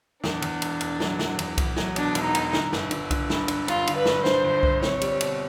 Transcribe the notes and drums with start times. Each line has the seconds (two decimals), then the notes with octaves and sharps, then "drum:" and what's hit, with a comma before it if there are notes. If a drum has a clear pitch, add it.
0.24 E2 D4, drum: snare
0.42 E2, drum: cymbal
0.62 E1, drum: cymbal
0.81 E1, drum: cymbal
1.00 F#3, drum: snare
1.19 E2, drum: snare
1.39 E2, drum: cymbal
1.58 E2, drum: kick C2, cymbal
1.76 F#3, drum: snare
1.96 B2 D4, drum: cymbal
2.15 E1, drum: cymbal
2.24 D#4
2.35 E1, drum: cymbal
2.53 D3, drum: snare
2.73 G1, drum: snare
2.91 D3, drum: cymbal
3.11 D3, drum: kick C2, cymbal
3.30 G2, drum: snare
3.48 D3, drum: cymbal
3.68 G2 F4, drum: cymbal
3.87 D3, drum: cymbal
3.97 B4
4.05 G2, drum: snare
4.25 D3 C5, drum: snare
4.44 G1
4.63 G1, drum: kick C2
4.82 C4 C#5, drum: snare
5.01 G3, drum: cymbal
5.21 B2, drum: cymbal